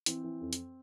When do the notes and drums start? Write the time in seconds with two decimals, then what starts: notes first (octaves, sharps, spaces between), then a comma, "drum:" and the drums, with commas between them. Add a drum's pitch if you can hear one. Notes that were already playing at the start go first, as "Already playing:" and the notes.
0.06 E3 C4, drum: hi-hat
0.24 E3
0.41 F2
0.53 drum: hi-hat